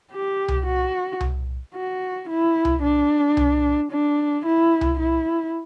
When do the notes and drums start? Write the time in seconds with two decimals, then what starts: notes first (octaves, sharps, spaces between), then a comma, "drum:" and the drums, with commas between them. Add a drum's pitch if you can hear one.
0.12 G4
0.48 drum: tom C2
0.66 F#4
1.21 drum: tom C2
1.75 F#4
2.29 E4
2.65 drum: tom C2
2.83 D4
3.37 drum: tom C2
3.91 D4
4.45 E4
4.81 drum: tom C2
4.99 E4